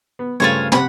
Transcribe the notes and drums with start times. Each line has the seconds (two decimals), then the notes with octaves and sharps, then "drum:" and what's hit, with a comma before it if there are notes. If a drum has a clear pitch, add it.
0.19 B3
0.40 G2 C#3 A3 F4 C5 C#5
0.72 C3 F#5 G#5 B5, drum: snare